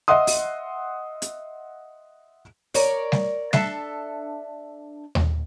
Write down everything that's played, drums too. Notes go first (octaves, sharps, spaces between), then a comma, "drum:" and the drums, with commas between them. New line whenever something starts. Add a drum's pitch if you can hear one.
D#5 E5 F#5 C6 D#6
drum: open hi-hat
drum: hi-hat
A#4 C#5 D5, drum: open hi-hat
drum: snare
D4 A4 E5 A5, drum: snare
drum: tom D#2